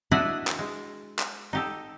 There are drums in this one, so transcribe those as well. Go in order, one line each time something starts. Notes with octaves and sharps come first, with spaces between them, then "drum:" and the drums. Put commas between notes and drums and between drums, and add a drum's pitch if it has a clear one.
D4 E4 F#4 B4 D5 D#5
drum: clap
G#3
drum: clap
D#4 G4 A4